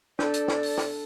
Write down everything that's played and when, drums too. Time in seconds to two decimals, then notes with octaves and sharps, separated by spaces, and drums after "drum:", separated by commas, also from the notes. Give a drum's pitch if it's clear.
0.19 D4 A4 D5, drum: snare
0.34 drum: hi-hat
0.48 drum: snare
0.63 drum: open hi-hat
0.78 drum: snare